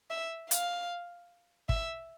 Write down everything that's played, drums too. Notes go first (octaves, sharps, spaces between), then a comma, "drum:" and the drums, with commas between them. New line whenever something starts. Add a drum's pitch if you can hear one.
E5
F5, drum: hi-hat
E5, drum: kick